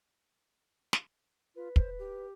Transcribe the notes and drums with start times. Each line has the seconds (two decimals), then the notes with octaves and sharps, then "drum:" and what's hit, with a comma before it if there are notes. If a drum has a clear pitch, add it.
0.93 drum: snare
1.56 F4 B4
1.76 C5, drum: kick
1.99 G4